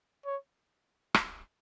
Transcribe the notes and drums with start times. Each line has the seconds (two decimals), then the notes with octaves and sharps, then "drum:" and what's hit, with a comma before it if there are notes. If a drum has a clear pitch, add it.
0.26 C#5
1.14 drum: rim click